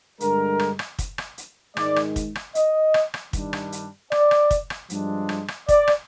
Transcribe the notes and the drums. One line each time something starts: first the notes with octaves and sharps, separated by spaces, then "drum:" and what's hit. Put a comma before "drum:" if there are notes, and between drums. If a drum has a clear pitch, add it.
G2 D3 G#3 A#4, drum: hi-hat
drum: rim click
drum: rim click
drum: kick, hi-hat
drum: rim click
drum: hi-hat
G#2 D#3 G#3 D5, drum: rim click
drum: rim click
drum: kick, hi-hat
drum: rim click
D#5, drum: hi-hat
drum: rim click
drum: rim click
G2 D#3 G3 D4, drum: kick, hi-hat
drum: rim click
drum: hi-hat
D5, drum: rim click
drum: rim click
drum: kick, hi-hat
drum: rim click
G2 F3 G#3 D4, drum: hi-hat
drum: rim click
drum: rim click
D5, drum: kick, hi-hat
drum: rim click